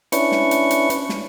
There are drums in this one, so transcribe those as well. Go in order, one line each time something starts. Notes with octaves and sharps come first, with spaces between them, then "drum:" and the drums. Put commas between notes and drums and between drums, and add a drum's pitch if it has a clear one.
C#4 D4 E4 B4 C#6, drum: hi-hat
drum: snare
drum: hi-hat
drum: hi-hat
drum: hi-hat
drum: snare